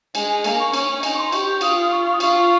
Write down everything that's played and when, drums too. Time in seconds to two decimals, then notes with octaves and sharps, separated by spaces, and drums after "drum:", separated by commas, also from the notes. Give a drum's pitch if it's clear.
0.15 G#3 G#5, drum: cymbal
0.44 A#3 G#5, drum: cymbal
0.59 C#6
0.74 C#4 C#6, drum: cymbal
1.03 D#4 G#5, drum: cymbal
1.13 C#6
1.18 C6
1.32 G4 C#6, drum: cymbal
1.47 C#6
1.61 F4 D#6, drum: cymbal
1.82 D#6
1.90 C#6
2.05 C#6
2.13 D#6
2.20 F4 C#6, drum: cymbal